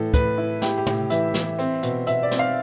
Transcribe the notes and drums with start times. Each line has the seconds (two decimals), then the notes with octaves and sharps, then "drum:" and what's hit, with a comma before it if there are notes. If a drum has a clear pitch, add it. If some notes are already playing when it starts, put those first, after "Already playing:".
Already playing: A2 E3 A4
0.14 A2 B4, drum: kick, hi-hat
0.38 E4
0.62 E4 G4, drum: snare
0.78 G4
0.86 A2, drum: tom
1.10 E3 E5, drum: hi-hat
1.34 E3, drum: snare
1.59 C4, drum: hi-hat
1.83 B2, drum: hi-hat
2.07 B2 E5, drum: hi-hat
2.23 D5
2.31 C4, drum: snare
2.39 F5